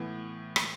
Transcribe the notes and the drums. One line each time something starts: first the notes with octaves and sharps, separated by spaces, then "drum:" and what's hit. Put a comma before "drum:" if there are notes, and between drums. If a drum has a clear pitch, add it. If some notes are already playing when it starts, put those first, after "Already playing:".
Already playing: A2 E3 B3
drum: rim click